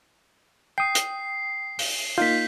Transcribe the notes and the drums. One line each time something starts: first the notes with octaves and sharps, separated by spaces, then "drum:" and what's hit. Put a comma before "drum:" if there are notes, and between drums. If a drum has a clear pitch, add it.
G5 D#6 C7
drum: hi-hat
drum: open hi-hat
A#3 D#4 F4 G6 B6